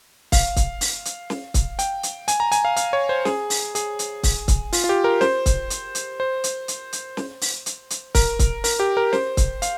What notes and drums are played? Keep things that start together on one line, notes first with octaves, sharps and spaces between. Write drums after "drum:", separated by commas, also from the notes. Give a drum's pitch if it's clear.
F5, drum: kick, open hi-hat
drum: kick, hi-hat
drum: open hi-hat
drum: hi-hat
drum: snare
drum: kick, hi-hat
G5, drum: hi-hat
drum: hi-hat
G#5, drum: hi-hat
A#5
G#5, drum: hi-hat
F5
F5, drum: hi-hat
C#5
C5
G#4, drum: snare
drum: open hi-hat
G#4, drum: hi-hat
drum: hi-hat
drum: kick, open hi-hat
drum: kick, hi-hat
F4, drum: open hi-hat
F4
G4
A#4
C5, drum: snare
drum: kick, hi-hat
drum: hi-hat
drum: hi-hat
C5
drum: hi-hat
drum: hi-hat
drum: hi-hat
drum: snare
drum: open hi-hat
drum: hi-hat
drum: hi-hat
A#4, drum: kick, open hi-hat
drum: kick, hi-hat
A#4, drum: open hi-hat
G4
A#4
C5, drum: snare
drum: kick, hi-hat
F5, drum: hi-hat